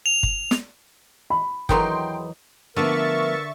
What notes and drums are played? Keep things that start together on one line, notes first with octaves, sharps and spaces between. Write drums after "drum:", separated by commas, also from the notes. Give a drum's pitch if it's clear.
F7
drum: kick
drum: snare
B5
E2 F#3 D#4 A4 A#4 G5 A#5 C6, drum: kick
D3 F3 A3 B3 A#4 E5 C#6 A6